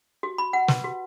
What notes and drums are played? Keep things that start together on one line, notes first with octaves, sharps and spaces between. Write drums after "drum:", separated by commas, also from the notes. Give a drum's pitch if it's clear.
F#4
B5
F#5
B4, drum: snare
F#4